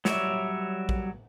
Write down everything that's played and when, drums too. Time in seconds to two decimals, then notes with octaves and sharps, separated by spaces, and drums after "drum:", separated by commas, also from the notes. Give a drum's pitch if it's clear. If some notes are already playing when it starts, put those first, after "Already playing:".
0.05 F#3 G3 C#5 D5 E5, drum: snare
0.89 drum: kick A#1